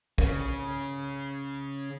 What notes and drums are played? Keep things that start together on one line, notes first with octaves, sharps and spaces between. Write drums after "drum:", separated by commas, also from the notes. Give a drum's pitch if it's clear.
C#3, drum: kick